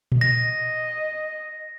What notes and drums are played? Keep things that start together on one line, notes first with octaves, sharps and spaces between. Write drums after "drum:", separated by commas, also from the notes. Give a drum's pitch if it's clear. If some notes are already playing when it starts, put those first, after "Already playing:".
drum: tom A#2
D#5 A#6